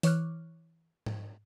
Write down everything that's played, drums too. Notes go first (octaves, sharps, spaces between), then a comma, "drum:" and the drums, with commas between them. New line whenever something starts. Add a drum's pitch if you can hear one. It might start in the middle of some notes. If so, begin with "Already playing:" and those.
E3 C#5 C#6 D6 F6 F#6, drum: open hi-hat
drum: tom G#2